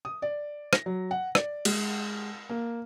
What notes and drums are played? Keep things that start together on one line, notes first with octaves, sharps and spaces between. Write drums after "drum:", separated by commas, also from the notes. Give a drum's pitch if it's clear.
D#6
D5
A#6, drum: rim click
F#3
F#5
D5, drum: rim click
G#3, drum: cymbal
A#3